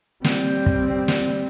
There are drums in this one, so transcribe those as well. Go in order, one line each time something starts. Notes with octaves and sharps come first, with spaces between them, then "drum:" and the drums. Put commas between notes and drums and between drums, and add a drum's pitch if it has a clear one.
G3 C4, drum: snare
drum: kick
drum: snare